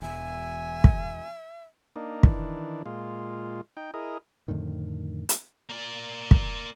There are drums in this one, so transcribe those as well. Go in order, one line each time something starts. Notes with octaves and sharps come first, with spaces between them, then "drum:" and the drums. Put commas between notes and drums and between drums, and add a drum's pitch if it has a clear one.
E1 E2 E5 G#5
drum: kick
A#3 D4 D#4
D#3 E3 D4, drum: kick
A#2 G#3 F4
D#4 G5
E4 G#4 A#4 D#5
F2 A2 D3 D#3
drum: hi-hat
A#3 D5
drum: kick